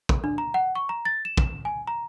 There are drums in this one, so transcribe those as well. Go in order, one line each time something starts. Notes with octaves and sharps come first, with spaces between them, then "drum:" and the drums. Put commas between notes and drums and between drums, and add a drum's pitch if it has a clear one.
drum: kick
D4
A#5
F#5
C#6
A#5
A6
E7
drum: kick
G#5
A#5